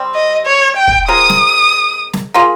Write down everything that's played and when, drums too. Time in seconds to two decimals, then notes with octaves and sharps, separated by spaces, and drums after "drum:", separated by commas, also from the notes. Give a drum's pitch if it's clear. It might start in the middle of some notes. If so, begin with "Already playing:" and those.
Already playing: C3 G3 C4
0.15 D#5
0.46 C#5
0.76 G5
0.87 drum: kick
1.08 G#3 C4 F4 A#4 D#6
1.29 drum: snare
2.13 drum: snare
2.34 A#3 F4 G#4